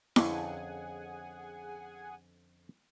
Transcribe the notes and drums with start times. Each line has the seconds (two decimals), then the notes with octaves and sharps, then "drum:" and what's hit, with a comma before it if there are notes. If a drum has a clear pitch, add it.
0.16 F2 D3 C#4 G#4 F#5 G#5, drum: snare E4